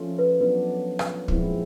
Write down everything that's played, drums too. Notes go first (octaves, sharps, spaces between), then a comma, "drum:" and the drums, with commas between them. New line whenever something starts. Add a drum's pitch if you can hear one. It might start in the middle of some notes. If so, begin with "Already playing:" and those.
Already playing: F3 A3 C#4 F4
B4
F#3 B3 D4 B4
drum: rim click
A#2 F3 G#3 C4 E4, drum: kick